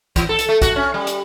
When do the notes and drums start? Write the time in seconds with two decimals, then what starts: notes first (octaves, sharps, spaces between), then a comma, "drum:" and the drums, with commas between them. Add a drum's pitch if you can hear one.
0.16 E3, drum: kick, hi-hat
0.29 A4
0.39 drum: hi-hat
0.49 A3
0.62 F#4, drum: kick, hi-hat
0.76 C#4
0.94 G3
1.07 drum: hi-hat